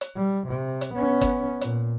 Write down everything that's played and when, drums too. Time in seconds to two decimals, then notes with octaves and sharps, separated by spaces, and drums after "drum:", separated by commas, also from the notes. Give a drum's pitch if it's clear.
0.01 drum: hi-hat
0.16 G3
0.48 C3
0.81 drum: hi-hat
0.94 B3 C#4
1.21 drum: kick, hi-hat
1.61 A#2, drum: hi-hat